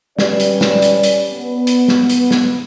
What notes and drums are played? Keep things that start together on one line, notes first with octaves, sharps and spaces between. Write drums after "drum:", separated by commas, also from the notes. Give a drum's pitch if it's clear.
G3 C#4 B4 D5, drum: snare
drum: hi-hat
drum: snare
drum: hi-hat
drum: hi-hat
B3
drum: hi-hat
drum: snare
drum: hi-hat
drum: snare